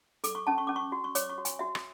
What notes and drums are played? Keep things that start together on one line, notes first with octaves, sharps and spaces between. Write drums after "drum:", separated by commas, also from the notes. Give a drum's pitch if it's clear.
A4 D6, drum: hi-hat
C#6
C#4 A5
C#6
C#4 D6
C#6
F#4
C#6
C#5 D6, drum: hi-hat
C#6
F#4
G#5, drum: hi-hat
F#4 E5
drum: rim click